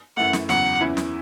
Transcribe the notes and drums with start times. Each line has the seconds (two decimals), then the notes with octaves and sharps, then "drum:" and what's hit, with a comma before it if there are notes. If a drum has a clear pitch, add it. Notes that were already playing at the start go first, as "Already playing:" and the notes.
0.17 F#2 E3 A3 F#5
0.33 drum: snare
0.49 E2 C#3 F#3 F#5, drum: snare
0.81 E2 E3 C#4 E4
0.97 drum: snare